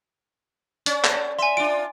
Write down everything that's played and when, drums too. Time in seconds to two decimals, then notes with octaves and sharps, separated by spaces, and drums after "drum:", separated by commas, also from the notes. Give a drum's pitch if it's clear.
0.86 C#4 D5, drum: hi-hat
1.04 drum: clap
1.39 E5 G#5 C6
1.57 D4 F4 D7